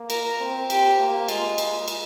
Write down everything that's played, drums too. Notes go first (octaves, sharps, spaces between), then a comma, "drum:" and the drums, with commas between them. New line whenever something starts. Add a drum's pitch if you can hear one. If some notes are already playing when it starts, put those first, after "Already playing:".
Already playing: A#3
A#4, drum: cymbal
C4
G4, drum: cymbal
A#3
G#3 F4, drum: cymbal
drum: cymbal
drum: cymbal